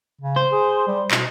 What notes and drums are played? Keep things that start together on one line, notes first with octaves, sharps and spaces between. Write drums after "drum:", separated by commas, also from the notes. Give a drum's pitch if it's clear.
C#3
C5
G#4
G3
B2, drum: clap